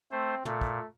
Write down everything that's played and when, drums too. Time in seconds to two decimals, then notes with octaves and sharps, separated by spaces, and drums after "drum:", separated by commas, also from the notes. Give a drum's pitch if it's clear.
0.12 A3 C4 C5
0.45 A#2 A3, drum: tom
0.61 drum: kick